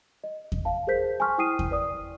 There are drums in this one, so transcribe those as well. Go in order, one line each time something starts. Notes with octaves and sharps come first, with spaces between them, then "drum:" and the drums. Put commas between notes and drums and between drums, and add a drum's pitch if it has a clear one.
D#5
drum: kick E2
F5 A5
G#4 A#4 C5 G6 B6
G#5 A5 C6 C#6 F6
E4 G5 D#6 C7 D#7
drum: kick E2
B4 D5 D#6